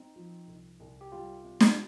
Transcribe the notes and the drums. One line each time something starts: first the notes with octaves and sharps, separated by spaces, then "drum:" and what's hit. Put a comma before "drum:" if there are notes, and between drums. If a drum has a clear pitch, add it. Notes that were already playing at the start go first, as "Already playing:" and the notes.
Already playing: C4 D#4
F3
C2
C2
G4
G3 F4
C3
drum: snare